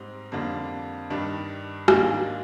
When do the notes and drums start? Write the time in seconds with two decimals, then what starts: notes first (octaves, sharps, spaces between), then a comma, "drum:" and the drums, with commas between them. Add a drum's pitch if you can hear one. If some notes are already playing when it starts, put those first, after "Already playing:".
Already playing: G#2 G3 C4 D#4
0.32 F2 D3 G3 A#3 D4
1.10 G2 D#3 G3 D4
1.88 G#2 D#3 A#3 D4, drum: rim click